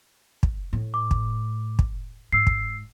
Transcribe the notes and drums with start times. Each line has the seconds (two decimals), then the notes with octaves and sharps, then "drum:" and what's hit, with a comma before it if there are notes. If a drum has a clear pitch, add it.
0.43 drum: kick
0.73 A2
0.94 D6
1.11 drum: kick
1.79 drum: kick
2.33 G#2 E6 C7
2.47 drum: kick